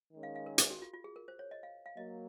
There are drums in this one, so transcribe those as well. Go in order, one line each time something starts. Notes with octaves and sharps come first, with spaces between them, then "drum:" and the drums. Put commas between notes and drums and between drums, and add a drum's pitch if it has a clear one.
D#3 G#3 C#4
F5
F5
A#4
G#4, drum: hi-hat
F#4
F4
F4
G#4
A#4
C5
C#5
D#5
F5
F5
F#3 A#3 D#5